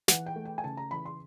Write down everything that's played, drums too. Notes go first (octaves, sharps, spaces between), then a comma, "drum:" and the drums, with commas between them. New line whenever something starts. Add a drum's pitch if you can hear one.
E3 F#5, drum: snare
G5
A3
G5
G#5
C#3 A5
A#5
E3 B5
C6